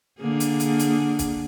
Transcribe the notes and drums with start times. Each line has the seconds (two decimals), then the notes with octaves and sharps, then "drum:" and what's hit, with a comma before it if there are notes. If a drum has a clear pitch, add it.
0.20 D3 A#3 G#4
0.40 drum: hi-hat
0.60 drum: hi-hat
0.79 drum: hi-hat
1.19 drum: kick, hi-hat